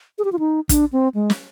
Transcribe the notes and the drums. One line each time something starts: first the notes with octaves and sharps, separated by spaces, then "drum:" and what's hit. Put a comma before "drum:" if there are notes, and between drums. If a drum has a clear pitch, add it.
G#4
G4
F4
D#4
D4, drum: kick, hi-hat
C4
G#3
drum: snare